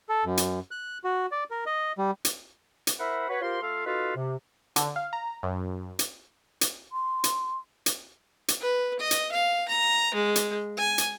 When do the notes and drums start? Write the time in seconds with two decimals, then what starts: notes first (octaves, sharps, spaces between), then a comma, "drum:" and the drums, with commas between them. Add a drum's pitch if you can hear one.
0.09 A4
0.25 F#2
0.37 drum: hi-hat
0.71 F#6
1.04 F#4
1.32 D5
1.51 A#4
1.66 D#5
1.98 G3
2.25 drum: hi-hat
2.87 drum: hi-hat
2.99 E4 A#4 C5 E5 F#5 B5
3.29 F#4 B4 C#5
3.42 F4 G4 A#4 C5 C6
3.62 A3 F4 A4 E5 F5
3.86 D#4 F4 F#4 A4 B4 F5
4.16 C3
4.76 D3, drum: hi-hat
4.96 F5
5.13 A#5
5.43 F#2
5.99 drum: hi-hat
6.61 drum: hi-hat
6.92 C6
7.24 drum: hi-hat
7.86 drum: hi-hat
8.48 drum: hi-hat
8.60 B4
8.99 D#5
9.11 drum: hi-hat
9.32 F5
9.68 A#5
10.14 G#3
10.36 drum: hi-hat
10.77 G#5
10.98 drum: hi-hat